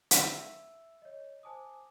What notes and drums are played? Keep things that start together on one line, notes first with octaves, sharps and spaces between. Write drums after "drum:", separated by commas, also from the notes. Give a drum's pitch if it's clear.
drum: hi-hat
E5 E6
C#5 D#5
C5 G#5 A5 D6 D#6